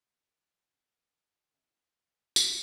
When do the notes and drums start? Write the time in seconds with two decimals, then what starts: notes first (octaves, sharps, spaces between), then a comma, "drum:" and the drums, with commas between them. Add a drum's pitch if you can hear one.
1.54 D3 G#3 B3 C#4 E4
2.36 drum: tambourine